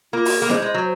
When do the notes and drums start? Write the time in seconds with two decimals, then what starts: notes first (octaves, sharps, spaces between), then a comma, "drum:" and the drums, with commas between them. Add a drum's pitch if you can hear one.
0.13 A#3 F4
0.25 F#4, drum: open hi-hat
0.38 A#3 G#4
0.50 G#3 C5, drum: snare E4
0.62 G#3
0.74 F#3